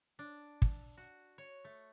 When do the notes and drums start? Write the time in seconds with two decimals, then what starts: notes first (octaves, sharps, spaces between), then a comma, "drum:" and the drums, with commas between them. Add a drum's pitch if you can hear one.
0.19 D4
0.62 drum: kick
0.97 F#4
1.38 C#5
1.65 A3